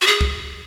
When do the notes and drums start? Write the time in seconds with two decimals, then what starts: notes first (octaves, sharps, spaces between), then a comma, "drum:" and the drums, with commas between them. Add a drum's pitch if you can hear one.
0.01 F#4
0.07 G#4
0.21 drum: kick